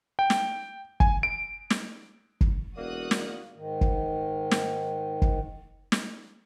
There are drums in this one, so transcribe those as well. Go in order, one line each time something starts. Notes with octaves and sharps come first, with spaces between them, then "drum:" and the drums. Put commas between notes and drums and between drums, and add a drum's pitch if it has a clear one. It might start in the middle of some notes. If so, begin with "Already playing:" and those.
G5
drum: snare
G#5, drum: kick
D7
drum: snare
drum: kick
E1 A#3 F#4 D5 D#6 F#6
drum: snare
G#2 D#3
drum: kick
drum: snare
drum: kick
drum: snare